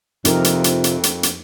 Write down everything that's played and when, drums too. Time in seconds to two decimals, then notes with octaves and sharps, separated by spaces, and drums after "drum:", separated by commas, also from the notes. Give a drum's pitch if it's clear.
0.25 F2 C3 F3 D#4 G4 A#4, drum: hi-hat
0.44 drum: hi-hat
0.64 drum: hi-hat
0.84 drum: hi-hat
1.03 drum: hi-hat
1.23 drum: hi-hat